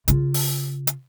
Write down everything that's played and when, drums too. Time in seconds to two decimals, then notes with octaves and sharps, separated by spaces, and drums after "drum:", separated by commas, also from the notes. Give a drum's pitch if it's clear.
0.08 C#3 F4, drum: hi-hat
0.34 drum: open hi-hat
0.87 drum: hi-hat